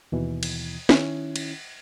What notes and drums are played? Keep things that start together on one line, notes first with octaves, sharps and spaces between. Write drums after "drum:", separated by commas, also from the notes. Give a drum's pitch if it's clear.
D#2 B2 E3
drum: cymbal
D#3 C#4 E4, drum: snare
drum: cymbal